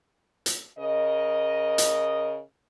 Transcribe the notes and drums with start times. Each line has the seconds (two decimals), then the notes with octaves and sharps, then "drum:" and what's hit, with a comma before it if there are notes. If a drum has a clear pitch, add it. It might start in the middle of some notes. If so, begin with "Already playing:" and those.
0.46 drum: hi-hat
0.79 C#3 A#4 D#5
1.78 drum: hi-hat